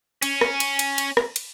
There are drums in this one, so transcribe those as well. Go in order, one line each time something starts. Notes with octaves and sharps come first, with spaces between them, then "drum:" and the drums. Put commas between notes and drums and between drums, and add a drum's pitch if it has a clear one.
C#4, drum: cymbal
drum: rim click
drum: cymbal
drum: cymbal
drum: cymbal
drum: rim click
drum: cymbal